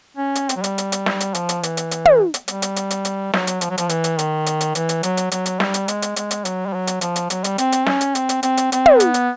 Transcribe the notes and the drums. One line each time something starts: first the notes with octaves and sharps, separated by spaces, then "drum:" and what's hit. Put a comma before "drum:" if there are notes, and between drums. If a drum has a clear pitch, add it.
C#4
drum: hi-hat
C4, drum: hi-hat
F#3
G3, drum: hi-hat
drum: hi-hat
drum: hi-hat
drum: snare
drum: hi-hat
F3, drum: hi-hat
drum: hi-hat
E3, drum: hi-hat
drum: hi-hat
drum: hi-hat
drum: tom
drum: hi-hat
G3, drum: hi-hat
drum: hi-hat
drum: hi-hat
drum: hi-hat
drum: hi-hat
F#3, drum: snare
drum: hi-hat
F3, drum: hi-hat
F#3
F3, drum: hi-hat
E3, drum: hi-hat
drum: hi-hat
D#3, drum: hi-hat
drum: hi-hat
drum: hi-hat
E3, drum: hi-hat
drum: hi-hat
F#3, drum: hi-hat
drum: hi-hat
F#3, drum: hi-hat
drum: hi-hat
G3, drum: snare
drum: hi-hat
G#3, drum: hi-hat
drum: hi-hat
G#3, drum: hi-hat
drum: hi-hat
F#3, drum: hi-hat
G3
F#3
drum: hi-hat
F3, drum: hi-hat
drum: hi-hat
F#3, drum: hi-hat
G3, drum: hi-hat
C4, drum: hi-hat
drum: hi-hat
C#4, drum: snare
drum: hi-hat
C4, drum: hi-hat
drum: hi-hat
C4, drum: hi-hat
drum: hi-hat
C4, drum: hi-hat
drum: tom
B3, drum: hi-hat
drum: hi-hat